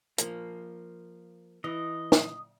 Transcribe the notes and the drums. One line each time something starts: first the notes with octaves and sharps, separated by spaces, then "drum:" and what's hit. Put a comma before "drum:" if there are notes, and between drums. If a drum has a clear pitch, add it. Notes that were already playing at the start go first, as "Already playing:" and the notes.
F3 A#3, drum: hi-hat
E3 D#5
drum: snare